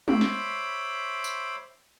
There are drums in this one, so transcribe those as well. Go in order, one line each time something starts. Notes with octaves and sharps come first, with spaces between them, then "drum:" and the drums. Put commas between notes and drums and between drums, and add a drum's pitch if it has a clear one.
C5 C#5 E5 B5 C6 D6, drum: tom G#3
drum: snare
drum: tambourine